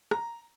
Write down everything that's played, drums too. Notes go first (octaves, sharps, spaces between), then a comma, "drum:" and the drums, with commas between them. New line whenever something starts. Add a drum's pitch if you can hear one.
A#5, drum: rim click